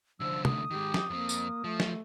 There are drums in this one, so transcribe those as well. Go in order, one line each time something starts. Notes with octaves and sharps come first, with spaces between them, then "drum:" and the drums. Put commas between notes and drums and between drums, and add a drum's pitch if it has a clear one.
C2 D3 F3 E6
A3 D#6, drum: tom
D#3 G#3 G4
drum: snare
F2 A#3 C4
drum: tambourine
F3 A3
drum: snare